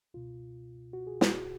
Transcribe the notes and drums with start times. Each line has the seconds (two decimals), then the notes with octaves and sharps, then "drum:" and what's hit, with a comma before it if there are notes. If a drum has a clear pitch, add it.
0.14 C#2 B2 F4
0.93 F#4
1.07 G#4
1.21 F#4, drum: snare